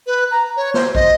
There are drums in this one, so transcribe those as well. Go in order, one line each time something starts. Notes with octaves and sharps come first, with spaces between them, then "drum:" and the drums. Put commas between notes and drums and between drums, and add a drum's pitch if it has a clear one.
B4
A#5
C#5
C5, drum: snare
D#5, drum: kick